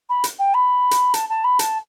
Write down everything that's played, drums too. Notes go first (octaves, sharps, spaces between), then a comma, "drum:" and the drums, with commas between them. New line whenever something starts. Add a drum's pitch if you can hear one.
B5
drum: hi-hat
G5
B5
drum: hi-hat
A5, drum: hi-hat
A5
B5
A5, drum: hi-hat